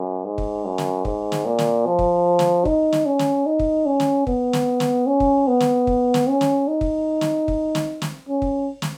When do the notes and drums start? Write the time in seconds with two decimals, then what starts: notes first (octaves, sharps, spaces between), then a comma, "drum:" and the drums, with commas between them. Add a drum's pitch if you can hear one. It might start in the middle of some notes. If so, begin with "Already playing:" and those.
Already playing: F#2
0.25 G#2
0.38 drum: kick
0.65 F#2
0.78 drum: snare
1.05 G#2, drum: kick
1.32 drum: snare
1.45 A#2
1.59 drum: snare
1.86 F3
1.99 drum: kick
2.39 drum: snare
2.65 D#4, drum: kick
2.92 drum: snare
3.06 C#4
3.19 drum: snare
3.46 D#4
3.59 drum: kick
3.86 C#4
4.00 drum: snare
4.27 B3, drum: kick
4.53 drum: snare
4.80 drum: snare
5.06 C#4
5.20 drum: kick
5.47 B3
5.60 drum: snare
5.87 drum: kick
6.14 drum: snare
6.27 C#4
6.41 drum: snare
6.68 D#4
6.81 drum: kick
7.21 drum: snare
7.48 drum: kick
7.75 drum: snare
8.02 drum: snare
8.28 C#4
8.42 drum: kick
8.82 drum: snare